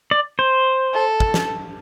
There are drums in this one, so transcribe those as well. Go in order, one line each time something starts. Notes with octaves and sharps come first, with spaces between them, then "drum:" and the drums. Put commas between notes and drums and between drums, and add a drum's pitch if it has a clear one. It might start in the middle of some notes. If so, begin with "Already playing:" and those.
D5
C5
A4
drum: kick
drum: snare